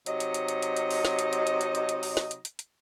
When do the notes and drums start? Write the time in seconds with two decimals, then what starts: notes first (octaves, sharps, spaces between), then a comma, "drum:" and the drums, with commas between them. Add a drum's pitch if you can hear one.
0.06 C3 F#3 D#4 D#5, drum: hi-hat
0.20 drum: hi-hat
0.34 drum: hi-hat
0.48 drum: hi-hat
0.62 drum: hi-hat
0.77 drum: hi-hat
0.91 drum: open hi-hat
1.05 drum: snare
1.19 drum: hi-hat
1.33 drum: hi-hat
1.47 drum: hi-hat
1.61 drum: hi-hat
1.75 drum: hi-hat
1.89 drum: hi-hat
2.03 drum: open hi-hat
2.17 drum: snare
2.31 drum: hi-hat
2.45 drum: hi-hat
2.59 drum: hi-hat